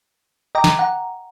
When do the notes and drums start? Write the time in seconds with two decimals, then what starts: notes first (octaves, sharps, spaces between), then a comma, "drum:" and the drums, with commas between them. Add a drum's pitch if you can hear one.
0.55 D#5 G5 A#5 D6
0.64 drum: snare
0.79 F#5 A#5